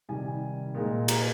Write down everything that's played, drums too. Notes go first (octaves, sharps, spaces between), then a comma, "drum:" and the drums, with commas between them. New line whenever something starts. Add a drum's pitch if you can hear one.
C3 D#3 G3 G#5
A#2 G#3 D#4
A#5, drum: cymbal